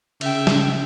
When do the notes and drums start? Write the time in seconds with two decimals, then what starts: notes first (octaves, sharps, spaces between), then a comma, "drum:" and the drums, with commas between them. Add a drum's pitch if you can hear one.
0.21 C#3 E5 G5, drum: cymbal
0.47 drum: snare